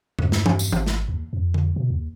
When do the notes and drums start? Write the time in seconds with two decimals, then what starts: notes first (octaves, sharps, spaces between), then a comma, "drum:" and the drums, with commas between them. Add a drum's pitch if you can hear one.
0.19 G2, drum: tom E2
0.32 drum: snare
0.46 drum: tom E3
0.59 drum: tambourine
0.72 G#1, drum: tom E3
0.86 drum: snare
1.08 D#2
1.33 F2
1.54 drum: tom D3
1.76 B2
1.90 D#2